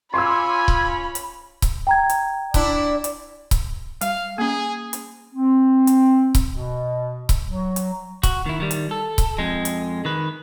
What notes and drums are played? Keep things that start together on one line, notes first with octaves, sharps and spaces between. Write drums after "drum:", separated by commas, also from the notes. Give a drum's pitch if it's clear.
C#4 F4 C#5 G#5 B5 C6 D6 E6
drum: kick C#1
drum: hi-hat
drum: kick C#1, hi-hat
G5 A#5 G#6
drum: hi-hat
D4 E4 D5, drum: kick C#1, hi-hat
drum: hi-hat
drum: kick C#1, hi-hat
G3 F5, drum: hi-hat
A#3 C#4 G#4
drum: hi-hat
C4
drum: hi-hat
drum: kick C#1, hi-hat
B2
drum: kick C#1, hi-hat
F#3
drum: hi-hat
F#4, drum: kick C#1, hi-hat
D#3 E4
D#3 G3
drum: hi-hat
A4
drum: kick C#1, hi-hat
F2 G#3
drum: hi-hat
D#3 B4